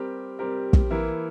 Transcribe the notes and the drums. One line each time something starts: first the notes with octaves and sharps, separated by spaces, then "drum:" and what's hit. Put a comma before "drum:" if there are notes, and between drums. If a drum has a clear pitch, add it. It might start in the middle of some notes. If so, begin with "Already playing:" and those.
Already playing: G3 C4 G4 A#4
G3 C4 G4 A#4
drum: kick
E3 A#3 E4 A#4